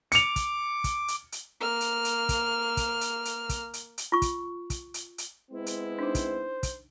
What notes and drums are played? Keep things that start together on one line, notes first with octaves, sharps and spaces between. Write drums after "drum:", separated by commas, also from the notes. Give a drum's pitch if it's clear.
D6 C#7 F7, drum: hi-hat
drum: kick, hi-hat
drum: kick, hi-hat
drum: hi-hat
drum: hi-hat
A#3 F6
drum: hi-hat
drum: hi-hat
drum: kick, hi-hat
drum: kick, hi-hat
drum: hi-hat
drum: hi-hat
drum: kick, hi-hat
drum: hi-hat
drum: hi-hat
F4 C#6
drum: kick, hi-hat
drum: kick, hi-hat
drum: hi-hat
drum: hi-hat
G#3 B3 C4 E4
drum: hi-hat
D4 D#4 C5
drum: kick, hi-hat
drum: kick, hi-hat